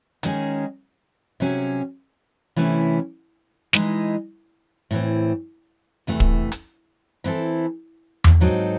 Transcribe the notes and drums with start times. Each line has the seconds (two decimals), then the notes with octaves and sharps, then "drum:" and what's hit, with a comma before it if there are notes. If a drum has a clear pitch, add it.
0.23 D#3 G#3 C#4 G#4, drum: hi-hat
1.40 C3 F#3 C#4 G#4
2.56 C3 E3 A3 C#4 E4
3.73 E3 G#3 D#4, drum: snare
4.91 A2 E3 C4
6.07 E2 C3 E3 A3
6.20 drum: kick
6.52 drum: hi-hat
7.24 E3 C4 E4 A4
8.24 drum: tom E2
8.40 G#2 F#3 C4 D#4 A4